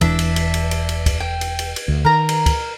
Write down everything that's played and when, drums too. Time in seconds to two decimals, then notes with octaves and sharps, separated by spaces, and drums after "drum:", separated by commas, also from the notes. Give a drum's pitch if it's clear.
0.01 E1 E2 E3 D4 E5, drum: cymbal
0.19 drum: cymbal
0.36 drum: cymbal
0.54 drum: cymbal
0.71 drum: cymbal
0.89 drum: cymbal
1.06 drum: kick, cymbal
1.20 G5
1.41 drum: cymbal
1.59 drum: cymbal
1.76 drum: cymbal
1.88 D2
2.05 D#3 A#4 A#5
2.29 drum: cymbal
2.46 drum: kick, cymbal